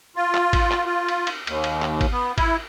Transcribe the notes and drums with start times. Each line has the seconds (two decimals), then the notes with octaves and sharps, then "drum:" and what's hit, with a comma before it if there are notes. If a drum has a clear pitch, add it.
0.16 F4
0.35 drum: clap
0.53 drum: kick G#1, cymbal
0.72 drum: clap
0.86 F4
1.08 drum: cymbal
1.27 drum: cymbal
1.47 D#2, drum: cymbal
1.64 drum: cymbal
1.82 drum: clap
2.01 drum: kick G#1, cymbal
2.12 B3
2.38 E4, drum: kick G#1, cymbal